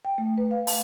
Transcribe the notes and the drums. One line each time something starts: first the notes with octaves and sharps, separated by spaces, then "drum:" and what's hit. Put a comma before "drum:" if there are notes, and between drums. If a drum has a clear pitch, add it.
G5
A3
B4
F5
A5, drum: open hi-hat